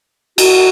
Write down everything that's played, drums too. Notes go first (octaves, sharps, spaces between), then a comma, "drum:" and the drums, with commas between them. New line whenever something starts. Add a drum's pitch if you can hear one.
F#4, drum: cymbal